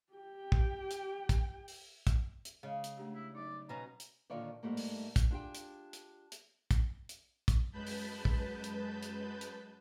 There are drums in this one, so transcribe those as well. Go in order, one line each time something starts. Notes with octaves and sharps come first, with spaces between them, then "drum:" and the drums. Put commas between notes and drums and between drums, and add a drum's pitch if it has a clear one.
G4 G5
drum: kick
drum: hi-hat
drum: kick, hi-hat
drum: open hi-hat
drum: kick, hi-hat
drum: hi-hat
C#3 G#3 D#5
drum: hi-hat
A3 D4 G4
E4
F#3 D#4 D5
B2 C#4 A#5
drum: hi-hat
A#2 D3 D#3 F3 C#5 D5
G#2 G3 A3 A#3
drum: open hi-hat
drum: kick, hi-hat
D4 F4 G4 G#4 G5
drum: hi-hat
drum: hi-hat
drum: hi-hat
drum: kick, hi-hat
drum: hi-hat
drum: kick, hi-hat
F#2 G#3 B4 A5 B5 G6
drum: open hi-hat
drum: kick
drum: hi-hat
drum: hi-hat
drum: hi-hat